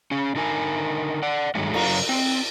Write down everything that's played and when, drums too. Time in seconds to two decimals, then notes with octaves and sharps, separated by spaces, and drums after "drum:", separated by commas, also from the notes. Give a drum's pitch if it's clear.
0.11 C#4 G#4
0.35 D3 D#4 A#4 G#5
1.23 D5 F#5
1.55 G2 D#3 F#3 G#3 A3
1.74 F#2 C#3 F#3 F5 A#5, drum: cymbal
2.09 C4